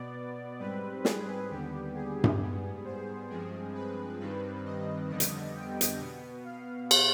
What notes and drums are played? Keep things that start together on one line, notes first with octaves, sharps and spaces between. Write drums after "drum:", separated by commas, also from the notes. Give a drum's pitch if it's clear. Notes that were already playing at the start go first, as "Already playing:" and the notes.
Already playing: B2 B3 D5
G#2 G3 C4 B4
G#4, drum: snare
D#2 D3 G3 B3 G4
G#4
drum: tom G2
G#2 G3 B3
C5
G2 F3 G#3 C4 G#4
B4
G2 D#3 G3 C4 B4
D#5
F2 D3 G3 B3 D#5
drum: hi-hat
G5
drum: hi-hat
B2 B3
F5
drum: cymbal